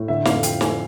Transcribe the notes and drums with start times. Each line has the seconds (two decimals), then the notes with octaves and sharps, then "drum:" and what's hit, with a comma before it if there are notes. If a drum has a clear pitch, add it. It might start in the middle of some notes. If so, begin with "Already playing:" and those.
Already playing: A2
0.08 D3 E5
0.25 F2 F5, drum: snare
0.43 F3 G5, drum: hi-hat
0.61 F3 G#5, drum: snare